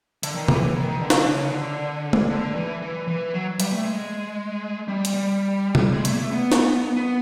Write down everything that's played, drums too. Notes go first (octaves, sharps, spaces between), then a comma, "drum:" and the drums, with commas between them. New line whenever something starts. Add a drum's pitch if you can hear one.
D3, drum: hi-hat
D#3
E3, drum: tom C3
E3
D#3
D#3
D3
drum: snare
C#3
D3
drum: tom G#3
D3
E3
E3
E3
F#3
G3, drum: hi-hat
A3
G#3
G3
drum: hi-hat
G3
drum: tom C3
G#3
A3, drum: hi-hat
A#3
A3
B3
drum: snare
B3